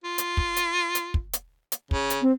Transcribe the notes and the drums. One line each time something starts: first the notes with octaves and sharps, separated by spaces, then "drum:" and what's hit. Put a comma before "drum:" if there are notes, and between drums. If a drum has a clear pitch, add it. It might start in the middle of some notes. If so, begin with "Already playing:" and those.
F4
drum: hi-hat
drum: kick
drum: hi-hat
drum: hi-hat
drum: kick
drum: hi-hat
drum: hi-hat
C#3, drum: kick
drum: hi-hat
C4